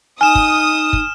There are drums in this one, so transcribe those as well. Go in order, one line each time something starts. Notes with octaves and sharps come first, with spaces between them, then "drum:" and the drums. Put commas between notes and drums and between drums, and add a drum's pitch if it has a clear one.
D#4 G#5 D#6 F6 E7
drum: kick
drum: kick